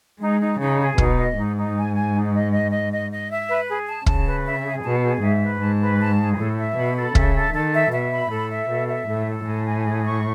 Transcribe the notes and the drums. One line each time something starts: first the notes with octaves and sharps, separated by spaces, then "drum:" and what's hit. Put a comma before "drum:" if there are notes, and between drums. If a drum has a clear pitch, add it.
G#3 D#4
D#4
C#3 D#4
G#4
B2 D#4, drum: kick
D#5
G#2 D#4
D#4
G#5
G#5
D#4
D#5
D#5
D#5
D#5
D#5
E5
B4
G#4
A5
C#3 A5, drum: kick
B4
E5
G#4
B2 A5
G#4
G#2 E5
B4
G#2 A5
B4
A5
G#4
A2 A4
E5
B2 B5
A4
C#3 E5, drum: kick
A4
D#3 A4
E5
B2 E5
B5
A2 A4
E5
B2 A4
E5
A2 A4
A4
A2 G#5
G#5
G#4
C#6